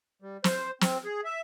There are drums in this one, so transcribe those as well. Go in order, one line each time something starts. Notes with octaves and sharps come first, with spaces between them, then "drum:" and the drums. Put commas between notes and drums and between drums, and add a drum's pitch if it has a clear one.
G3
C5, drum: snare
C4, drum: snare
G#4
E5